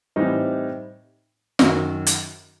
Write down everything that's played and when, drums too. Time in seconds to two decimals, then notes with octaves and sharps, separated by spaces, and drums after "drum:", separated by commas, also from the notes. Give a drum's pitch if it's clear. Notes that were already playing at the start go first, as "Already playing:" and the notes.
0.16 A2 E3 G3 C4 D#4
1.59 F#2 D#3 F#3, drum: snare
2.07 drum: hi-hat